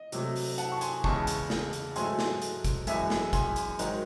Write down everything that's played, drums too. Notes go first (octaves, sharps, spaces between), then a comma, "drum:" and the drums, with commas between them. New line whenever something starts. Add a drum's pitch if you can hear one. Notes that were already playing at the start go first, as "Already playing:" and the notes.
Already playing: D#5
C3 F#3 A3, drum: hi-hat
drum: open hi-hat
F#5 A5, drum: hi-hat
C#6
G#5 C6, drum: hi-hat
E2 C#3 E3 G#3 A5 C#6, drum: kick G1
drum: hi-hat
drum: snare
drum: hi-hat
G#2 F#3 A3 G#5 C6, drum: hi-hat
drum: snare
drum: hi-hat
drum: kick G1, hi-hat
F#2 E3 G#3 E5 G#5, drum: hi-hat
drum: snare
G#5 C6, drum: kick G1, hi-hat
drum: hi-hat
G#2 D#3 F#3, drum: hi-hat